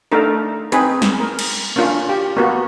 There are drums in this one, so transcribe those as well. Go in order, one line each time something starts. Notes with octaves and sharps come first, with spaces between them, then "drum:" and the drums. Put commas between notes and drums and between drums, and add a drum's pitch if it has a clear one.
A3 D4 D#4 A4 A#4
C4 D#4 G#4 B4, drum: hi-hat
drum: snare
A#4
drum: cymbal
A#3 C#4 D4 F4
G4
A#3 B3 F#4